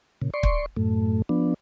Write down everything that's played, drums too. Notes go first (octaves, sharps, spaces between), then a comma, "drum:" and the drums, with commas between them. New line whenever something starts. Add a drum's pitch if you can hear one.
A#2 C#3
D5 C6 C#6
drum: kick
F#2 A2 A3
F3 B3 D4